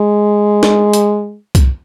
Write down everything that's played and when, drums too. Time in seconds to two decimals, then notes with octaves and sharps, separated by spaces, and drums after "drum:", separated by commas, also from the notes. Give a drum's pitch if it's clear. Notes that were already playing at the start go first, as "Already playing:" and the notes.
Already playing: G#3
0.63 drum: snare
0.93 drum: hi-hat
1.55 drum: kick C2, hi-hat